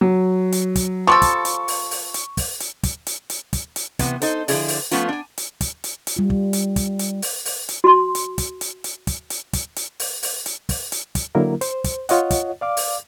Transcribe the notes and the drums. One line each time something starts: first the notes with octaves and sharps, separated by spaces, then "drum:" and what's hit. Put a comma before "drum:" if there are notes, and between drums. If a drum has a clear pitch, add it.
F#3
drum: hi-hat
drum: kick, hi-hat
F3 G3 A4 C#6
drum: kick, hi-hat
drum: hi-hat
drum: open hi-hat
drum: open hi-hat
drum: hi-hat
drum: kick, open hi-hat
drum: hi-hat
drum: kick, hi-hat
drum: hi-hat
drum: hi-hat
drum: kick, hi-hat
drum: hi-hat
C3 E3 B3, drum: kick, hi-hat
D#4 A4 C5, drum: hi-hat
D3 F3 C#4 E4 G#4 D5, drum: open hi-hat
drum: open hi-hat
F3 A3 B3 C#4 F4, drum: hi-hat
D4 G#5
drum: hi-hat
drum: kick, hi-hat
drum: hi-hat
drum: hi-hat
G3 F4
drum: kick
drum: hi-hat
drum: kick, hi-hat
drum: hi-hat
drum: open hi-hat
drum: open hi-hat
drum: hi-hat
F#4 C6
drum: hi-hat
drum: kick, hi-hat
drum: hi-hat
drum: hi-hat
drum: kick, hi-hat
drum: hi-hat
drum: kick, hi-hat
drum: hi-hat
drum: open hi-hat
drum: open hi-hat
drum: hi-hat
drum: kick, open hi-hat
drum: hi-hat
drum: kick, hi-hat
D3 F#3 A#3 E4 A#4
C5, drum: hi-hat
drum: kick, hi-hat
F4 C#5 D#5 F#5, drum: hi-hat
drum: kick, hi-hat
D5 F5 D6
drum: open hi-hat